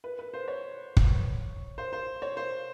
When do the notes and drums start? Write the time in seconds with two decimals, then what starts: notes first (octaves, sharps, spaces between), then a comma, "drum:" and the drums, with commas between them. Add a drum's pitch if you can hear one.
0.04 B4
0.19 B4
0.34 C5
0.48 C#5
0.97 drum: kick
1.78 C5
1.93 C5
2.22 C#5
2.37 C5